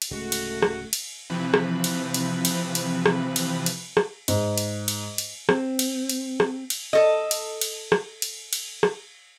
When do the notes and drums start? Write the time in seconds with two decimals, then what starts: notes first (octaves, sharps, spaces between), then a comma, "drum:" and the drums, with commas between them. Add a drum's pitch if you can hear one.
0.02 drum: cymbal
0.11 D1 C#3 G#3 A3 F#4
0.32 drum: cymbal
0.62 drum: rim click
0.93 drum: cymbal
1.30 C3 E3 F3 C4 B4
1.54 drum: rim click
1.84 drum: cymbal
2.14 drum: cymbal
2.45 drum: cymbal
2.75 drum: cymbal
3.06 drum: rim click
3.36 drum: cymbal
3.66 drum: cymbal
3.97 drum: rim click
4.28 G#2, drum: cymbal
4.58 drum: cymbal
4.88 drum: cymbal
5.18 drum: cymbal
5.49 C4, drum: rim click
5.79 drum: cymbal
6.09 drum: cymbal
6.40 drum: rim click
6.70 drum: cymbal
6.93 A4 D#5
7.31 drum: cymbal
7.61 drum: cymbal
7.92 drum: rim click
8.22 drum: cymbal
8.53 drum: cymbal
8.83 drum: rim click